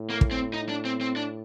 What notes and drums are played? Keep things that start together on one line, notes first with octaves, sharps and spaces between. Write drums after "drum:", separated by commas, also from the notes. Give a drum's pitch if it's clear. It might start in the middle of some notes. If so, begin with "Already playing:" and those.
Already playing: A2
A#3
drum: kick
C4
D#4
D4
C4
C4
D4